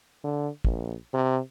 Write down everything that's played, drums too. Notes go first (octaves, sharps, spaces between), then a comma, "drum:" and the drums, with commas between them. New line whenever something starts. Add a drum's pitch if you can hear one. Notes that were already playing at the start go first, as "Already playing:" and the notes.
D3
A#1, drum: kick
C3